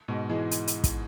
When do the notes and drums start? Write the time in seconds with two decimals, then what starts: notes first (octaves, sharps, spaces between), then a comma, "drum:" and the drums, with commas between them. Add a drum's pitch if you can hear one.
0.08 G#2 B2
0.29 E3 G#3
0.51 drum: hi-hat
0.67 drum: hi-hat
0.84 drum: kick, hi-hat